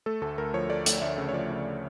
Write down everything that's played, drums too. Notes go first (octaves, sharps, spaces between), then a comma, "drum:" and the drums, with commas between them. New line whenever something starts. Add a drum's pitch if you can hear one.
A3 A4
D2 A4
D2 A#4
F3 C#5
A3 D5
A3, drum: hi-hat
D2 E5
C#3
C#5
F3 D5
C#3